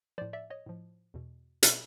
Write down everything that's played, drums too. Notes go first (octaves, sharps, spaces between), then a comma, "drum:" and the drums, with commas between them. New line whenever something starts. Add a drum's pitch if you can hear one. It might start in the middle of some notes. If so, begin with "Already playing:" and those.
A2 F3 C5 D5
D5 E5
C#5 D#5
A2 F3
E2 B2
B2 D5 E5, drum: hi-hat